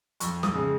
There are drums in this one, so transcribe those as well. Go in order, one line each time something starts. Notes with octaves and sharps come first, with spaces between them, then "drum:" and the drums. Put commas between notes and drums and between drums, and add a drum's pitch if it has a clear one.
F2 C#6, drum: hi-hat
D#6, drum: snare
C#3 G#3